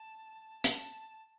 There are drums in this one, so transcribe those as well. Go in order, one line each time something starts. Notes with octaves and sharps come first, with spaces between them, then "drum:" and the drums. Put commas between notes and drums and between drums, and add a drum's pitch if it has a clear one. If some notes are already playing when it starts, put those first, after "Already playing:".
Already playing: A5
A5, drum: hi-hat